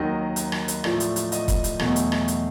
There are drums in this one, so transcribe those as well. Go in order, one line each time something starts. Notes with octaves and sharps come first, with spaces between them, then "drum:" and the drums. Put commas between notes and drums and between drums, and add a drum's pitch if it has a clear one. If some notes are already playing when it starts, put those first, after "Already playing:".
Already playing: D#2 D#3 F#3 D#5
drum: hi-hat
drum: rim click
drum: hi-hat
A2 F3 A3 D5, drum: rim click
drum: hi-hat
drum: hi-hat
D#5, drum: hi-hat
drum: kick, hi-hat
drum: hi-hat
E2 B2 F#3 A3, drum: rim click
drum: hi-hat
drum: rim click
drum: hi-hat